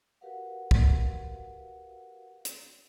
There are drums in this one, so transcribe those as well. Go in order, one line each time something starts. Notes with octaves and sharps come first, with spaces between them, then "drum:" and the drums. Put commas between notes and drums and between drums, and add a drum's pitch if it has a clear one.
F#4 G4 A#4 B4 F5 F#5
drum: kick
drum: hi-hat